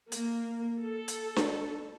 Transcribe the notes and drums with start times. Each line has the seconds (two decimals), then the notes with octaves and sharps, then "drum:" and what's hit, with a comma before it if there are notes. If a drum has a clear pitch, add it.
0.12 A#3, drum: hi-hat
0.83 A4
1.08 drum: hi-hat
1.36 drum: snare D4